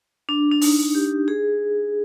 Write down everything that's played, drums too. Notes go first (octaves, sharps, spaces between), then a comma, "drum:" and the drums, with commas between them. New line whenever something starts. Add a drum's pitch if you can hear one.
D4
D4
D#4, drum: open hi-hat
G4
G#4